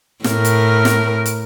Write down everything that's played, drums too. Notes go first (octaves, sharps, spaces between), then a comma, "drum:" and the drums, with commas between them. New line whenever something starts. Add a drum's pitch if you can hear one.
A2 A#4, drum: snare
drum: hi-hat
drum: snare
drum: hi-hat